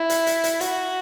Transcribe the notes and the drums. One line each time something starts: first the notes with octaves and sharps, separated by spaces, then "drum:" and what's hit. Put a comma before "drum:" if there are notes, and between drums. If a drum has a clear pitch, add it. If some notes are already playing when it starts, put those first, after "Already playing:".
Already playing: E4
drum: hi-hat
drum: hi-hat
drum: hi-hat
F#4, drum: hi-hat